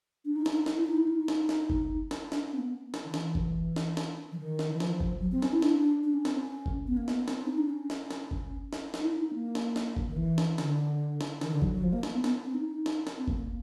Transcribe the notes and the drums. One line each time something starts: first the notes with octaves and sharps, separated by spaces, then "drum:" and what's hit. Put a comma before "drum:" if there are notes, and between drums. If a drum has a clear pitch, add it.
D4
D#4
D#4, drum: snare
D#4
drum: snare
E4
D#4
E4
D#4
drum: snare
drum: snare
drum: kick G1
drum: snare
D4, drum: snare
C#4
C4
A#3
B3
drum: snare
D#3
E3, drum: snare
drum: kick G1
drum: snare
drum: snare
E3
D#3
drum: snare
E3
F3, drum: snare
drum: kick G1
F#3
C4
C#4, drum: snare
E4
D4, drum: snare
D4
C#4
C4, drum: snare
C#4
drum: kick G1
B3
A#3
B3, drum: snare
C4, drum: snare
D#4
D4
C#4
drum: snare
drum: snare
drum: kick G1
drum: snare
D#4, drum: snare
E4
D#4
D#4
A#3
drum: snare
drum: snare
drum: kick G1
D#3
E3
drum: snare
D3, drum: snare
drum: snare
D#3, drum: snare
D3
F#3, drum: kick G1
F#3
F3
A#3
drum: snare
B3
B3, drum: snare
C4
D#4
D#4
drum: snare
drum: snare
C4
A#3, drum: kick G1
A#3